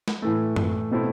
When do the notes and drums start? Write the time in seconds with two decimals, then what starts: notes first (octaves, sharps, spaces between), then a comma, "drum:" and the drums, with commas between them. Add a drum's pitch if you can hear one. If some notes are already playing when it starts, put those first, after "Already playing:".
0.08 drum: snare
0.22 A2 E3 A3
0.56 drum: tom F#2
0.91 B2 A3 C4 E4